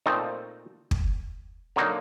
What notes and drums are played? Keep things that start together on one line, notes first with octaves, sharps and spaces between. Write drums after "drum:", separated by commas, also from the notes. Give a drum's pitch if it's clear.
A#2 A3 C4 D#4 A5
drum: kick
D3 F#3 A#3 D#4 A#5